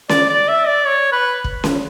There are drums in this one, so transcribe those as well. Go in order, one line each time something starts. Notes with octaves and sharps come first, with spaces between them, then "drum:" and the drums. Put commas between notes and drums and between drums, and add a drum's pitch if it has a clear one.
D5, drum: snare C#4
D5
E5
D5
C#5
B4
drum: kick
drum: snare C#4